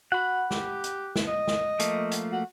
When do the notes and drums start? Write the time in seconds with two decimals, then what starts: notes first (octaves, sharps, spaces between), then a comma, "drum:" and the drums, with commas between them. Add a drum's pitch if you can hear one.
0.12 F#4 F#5 B5
0.51 G4, drum: snare
0.84 drum: hi-hat
1.16 drum: snare
1.27 D#5
1.48 drum: snare
1.79 F3 A3 A#3, drum: hi-hat
2.11 drum: hi-hat
2.32 F#4